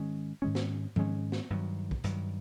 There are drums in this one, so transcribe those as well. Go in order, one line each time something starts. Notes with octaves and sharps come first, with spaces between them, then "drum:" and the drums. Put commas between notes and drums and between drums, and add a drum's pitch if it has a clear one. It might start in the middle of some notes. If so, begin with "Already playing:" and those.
Already playing: G#2 D#3 G#3 C#4
G#2 D#3 G#3 C#4
drum: snare
G#2 D#3 G#3 C#4, drum: tom F3
drum: snare
G2 D#3 F#3
drum: kick
G2 D#3 F#3, drum: hi-hat